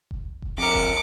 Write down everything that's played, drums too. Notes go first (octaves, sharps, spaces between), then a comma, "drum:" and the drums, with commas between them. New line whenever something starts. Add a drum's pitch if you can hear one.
drum: kick F1
drum: kick F1
F2 A#4 D6 C#7
drum: kick F1